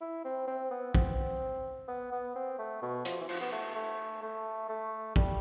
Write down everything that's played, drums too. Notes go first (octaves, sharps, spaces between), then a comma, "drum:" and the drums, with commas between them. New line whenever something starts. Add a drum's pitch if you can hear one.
E4
C4
C4
B3
C4, drum: kick
B3
B3
C4
A3
B2
F3, drum: hi-hat
E3
F3, drum: cymbal
B3
A3
A3
A3
A3
G3, drum: kick